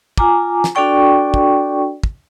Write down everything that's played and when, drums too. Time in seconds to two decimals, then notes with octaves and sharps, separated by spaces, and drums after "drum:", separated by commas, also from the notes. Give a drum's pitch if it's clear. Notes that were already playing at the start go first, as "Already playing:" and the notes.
0.18 F4 G#5 A#5 D6, drum: kick
0.64 drum: snare
0.75 D4 F#4 A4 D5 G5 C#6
1.34 drum: kick
2.04 drum: kick